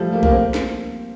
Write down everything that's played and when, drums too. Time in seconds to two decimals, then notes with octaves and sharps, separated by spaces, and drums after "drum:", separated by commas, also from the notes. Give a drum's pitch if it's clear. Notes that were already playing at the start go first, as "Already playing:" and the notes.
Already playing: F3 G3 A3
0.12 A#3
0.23 A#3, drum: kick A#1
0.32 C4
0.54 drum: snare